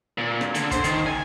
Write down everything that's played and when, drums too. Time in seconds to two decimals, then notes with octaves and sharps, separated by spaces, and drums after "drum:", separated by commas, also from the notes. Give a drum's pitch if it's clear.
0.18 A#2
0.41 drum: rim click
0.55 D3, drum: hi-hat
0.71 C5, drum: kick, hi-hat
0.84 D#3, drum: hi-hat
1.07 G#5